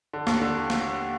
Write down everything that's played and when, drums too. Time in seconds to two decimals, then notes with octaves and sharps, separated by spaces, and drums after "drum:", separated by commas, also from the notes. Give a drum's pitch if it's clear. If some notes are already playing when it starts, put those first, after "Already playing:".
0.13 D3
0.27 D#2, drum: snare
0.41 D3
0.70 drum: snare